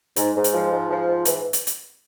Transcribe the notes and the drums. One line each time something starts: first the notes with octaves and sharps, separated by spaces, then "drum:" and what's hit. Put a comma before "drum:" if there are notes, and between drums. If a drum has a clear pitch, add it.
G#2, drum: hi-hat
G#2
drum: hi-hat
F3
G#2
F3
G#2
E3, drum: hi-hat
drum: hi-hat
drum: hi-hat